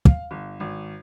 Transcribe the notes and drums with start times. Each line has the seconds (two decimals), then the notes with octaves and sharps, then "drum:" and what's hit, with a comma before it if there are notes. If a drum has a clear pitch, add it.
0.05 F5, drum: kick
0.31 G1
0.60 G#1